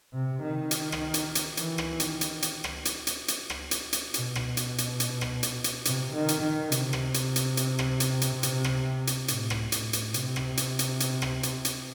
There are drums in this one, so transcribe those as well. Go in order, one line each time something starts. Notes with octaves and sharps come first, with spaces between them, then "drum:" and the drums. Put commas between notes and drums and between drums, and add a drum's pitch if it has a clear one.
C3
D#3
drum: hi-hat
drum: rim click
drum: hi-hat
drum: hi-hat
E3, drum: hi-hat
drum: rim click
D#3, drum: hi-hat
drum: hi-hat
drum: hi-hat
drum: rim click
drum: hi-hat
drum: hi-hat
drum: hi-hat
drum: rim click
drum: hi-hat
drum: hi-hat
B2, drum: hi-hat
drum: rim click
drum: hi-hat
drum: hi-hat
drum: hi-hat
drum: rim click
drum: hi-hat
drum: hi-hat
C3, drum: hi-hat
D#3
drum: hi-hat
D#3
C3, drum: hi-hat
drum: rim click
drum: hi-hat
drum: hi-hat
drum: hi-hat
drum: rim click
drum: hi-hat
drum: hi-hat
drum: hi-hat
drum: rim click
drum: hi-hat
A2, drum: hi-hat
drum: rim click
A2, drum: hi-hat
drum: hi-hat
C3, drum: hi-hat
drum: rim click
drum: hi-hat
drum: hi-hat
drum: hi-hat
drum: rim click
drum: hi-hat
drum: hi-hat